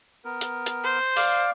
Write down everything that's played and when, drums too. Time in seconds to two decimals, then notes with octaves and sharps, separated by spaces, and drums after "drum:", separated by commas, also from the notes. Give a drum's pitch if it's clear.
0.25 B3 A#4
0.41 drum: hi-hat
0.66 drum: hi-hat
0.84 C5
1.16 D5 F5 D6, drum: open hi-hat